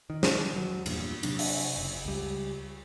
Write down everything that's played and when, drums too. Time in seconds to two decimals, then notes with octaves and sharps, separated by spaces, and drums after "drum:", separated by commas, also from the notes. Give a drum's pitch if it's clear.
0.10 D#3
0.23 drum: snare
0.56 F#3
0.86 E2 G2 A#2, drum: cymbal
1.23 C3 F#3 D4, drum: cymbal
1.39 drum: open hi-hat
1.77 F#1
2.05 C#2 G3